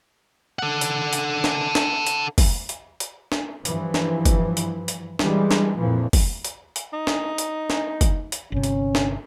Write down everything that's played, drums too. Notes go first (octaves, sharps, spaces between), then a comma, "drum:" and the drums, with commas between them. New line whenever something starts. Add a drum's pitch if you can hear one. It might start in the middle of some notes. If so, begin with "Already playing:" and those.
A4 F#5
drum: hi-hat
drum: hi-hat
drum: snare
drum: snare
drum: hi-hat
drum: kick, open hi-hat
drum: hi-hat
drum: hi-hat
drum: snare
G2 E3 F3, drum: hi-hat
drum: snare
drum: kick, hi-hat
drum: hi-hat
drum: hi-hat
E3 G3 G#3, drum: snare
drum: snare
F2 A#2 E3 F3
drum: kick, open hi-hat
drum: hi-hat
drum: hi-hat
D#4
drum: snare
drum: hi-hat
drum: snare
drum: kick, hi-hat
drum: hi-hat
G1 C3 C#4
drum: hi-hat
drum: snare